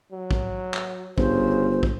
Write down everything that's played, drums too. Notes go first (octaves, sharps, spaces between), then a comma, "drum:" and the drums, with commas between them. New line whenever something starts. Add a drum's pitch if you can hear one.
F#3
drum: kick
drum: clap
G1 C#3 C5, drum: kick
drum: kick